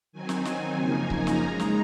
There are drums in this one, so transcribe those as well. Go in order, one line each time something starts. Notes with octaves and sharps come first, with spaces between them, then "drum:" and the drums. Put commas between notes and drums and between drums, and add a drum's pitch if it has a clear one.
D#3 F#3 C4 D#4 G#5
drum: snare
G#5, drum: snare
F#2 C#3 F3 A#3 D#4 G#5
A#5, drum: kick C#1
drum: snare
C#3 G#3 D#4 A#5
drum: snare